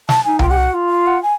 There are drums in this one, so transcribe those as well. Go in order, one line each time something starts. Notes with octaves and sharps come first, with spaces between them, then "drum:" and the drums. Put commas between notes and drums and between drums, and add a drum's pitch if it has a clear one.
A5, drum: snare
D#4 G#5
F4 G5, drum: tom C2
G4 F#5
F#4
F4
F5
F#5
G#5